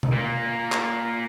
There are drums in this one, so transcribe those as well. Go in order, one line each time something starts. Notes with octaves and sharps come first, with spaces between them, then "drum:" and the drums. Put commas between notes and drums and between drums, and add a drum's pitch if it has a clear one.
drum: tom B2
A#2 A#3
drum: clap